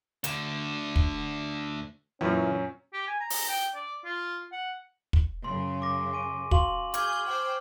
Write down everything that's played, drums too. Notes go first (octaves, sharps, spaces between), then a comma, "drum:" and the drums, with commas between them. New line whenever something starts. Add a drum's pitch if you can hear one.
D2 D3, drum: hi-hat
drum: kick
F#2 A#2 E3 C#4
G4
G#5
A#5
drum: open hi-hat
G5
D5
F4
F#5
drum: kick
F#2 C#3 C6
D6 A#6
G#5 C#6 D#7
F#4 F5 C6 C#6 F#7, drum: kick
G#4 D6 F6 G6 G#6, drum: hi-hat
C5 G5 D6 F#7